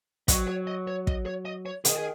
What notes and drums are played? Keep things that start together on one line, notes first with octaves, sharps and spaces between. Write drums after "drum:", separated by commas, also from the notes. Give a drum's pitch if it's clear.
F#3 D#5, drum: kick, hi-hat
C#5
D#5
C#5
D#5, drum: kick
C#5
D#5
C#5
D#3 G#4, drum: hi-hat
G#4